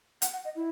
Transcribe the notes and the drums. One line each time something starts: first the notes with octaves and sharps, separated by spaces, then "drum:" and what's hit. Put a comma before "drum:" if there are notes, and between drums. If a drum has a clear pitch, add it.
F#5, drum: hi-hat
F#5
D#5
E4